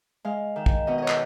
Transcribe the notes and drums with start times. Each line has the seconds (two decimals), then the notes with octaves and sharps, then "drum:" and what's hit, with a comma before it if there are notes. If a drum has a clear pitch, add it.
0.25 G#3 F5
0.56 D#3
0.66 drum: kick
0.87 B2 D#5
0.98 C#5 D#5
1.08 drum: clap